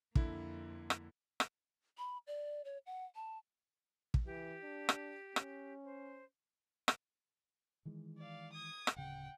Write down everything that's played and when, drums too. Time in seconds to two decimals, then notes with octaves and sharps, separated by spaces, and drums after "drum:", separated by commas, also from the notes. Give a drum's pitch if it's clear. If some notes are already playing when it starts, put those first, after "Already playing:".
0.15 F2 D3 A#3 E4, drum: kick
0.90 drum: rim click
1.40 drum: rim click
1.98 B5
2.27 D5
2.65 C#5
2.86 F#5
3.15 A5
4.14 drum: kick
4.26 E3 G4
4.63 D4
4.89 drum: rim click
5.36 C#4, drum: rim click
5.84 C5
6.88 drum: rim click
7.85 D#3 E3 G#3
8.19 D5 F5
8.53 D#6 G#6
8.87 drum: rim click
8.96 D1 C#3 F#5 G5